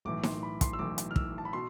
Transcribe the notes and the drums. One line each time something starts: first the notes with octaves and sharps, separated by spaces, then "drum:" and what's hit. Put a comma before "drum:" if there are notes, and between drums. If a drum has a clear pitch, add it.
B1 A2 E3 D6
C6, drum: snare D#4
B5
C6, drum: kick, hi-hat
E6
B1 A2 E3 D6
drum: hi-hat
F6
E6, drum: kick
A5
B5
B2 C6